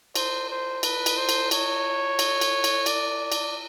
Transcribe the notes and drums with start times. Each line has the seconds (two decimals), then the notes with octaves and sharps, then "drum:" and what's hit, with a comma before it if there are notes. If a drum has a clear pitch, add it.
0.15 C5, drum: cymbal
0.50 C5
0.83 B4, drum: cymbal
1.06 drum: cymbal
1.17 C5
1.29 drum: cymbal
1.51 C#5, drum: cymbal
2.19 drum: cymbal
2.41 drum: cymbal
2.64 drum: cymbal
2.86 D5, drum: cymbal
3.32 drum: cymbal